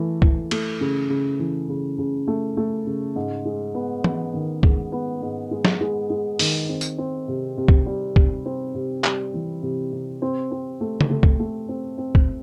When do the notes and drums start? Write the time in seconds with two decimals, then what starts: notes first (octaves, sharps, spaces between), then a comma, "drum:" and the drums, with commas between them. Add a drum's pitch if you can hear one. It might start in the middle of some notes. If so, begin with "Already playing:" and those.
Already playing: E3 A3
0.22 E3, drum: kick
0.51 A3, drum: cymbal
0.81 C#3
1.10 C#3
1.39 E3
1.69 C#3
1.98 C#3
2.28 A3
2.57 A3
2.87 C#3
3.16 G#2
3.45 G#3
3.75 B3
4.04 B3, drum: tom E3
4.34 D#3
4.63 G#3, drum: kick
4.92 B3
5.22 G#2
5.51 G#3
5.65 drum: snare
5.81 G#3
6.10 G#3
6.39 D#3, drum: open hi-hat
6.69 C4
6.81 drum: tambourine
6.98 C4
7.28 C3
7.57 C3
7.68 drum: kick
7.86 G3
8.16 C3, drum: kick
8.46 C4
8.75 C3
9.04 G3, drum: clap
9.34 E3
9.63 C3
9.93 C3
10.22 C4
10.52 C4
10.81 A3
11.01 drum: tom C#3
11.10 A3
11.23 drum: kick
11.39 A3
11.69 C4
11.98 C4
12.15 drum: kick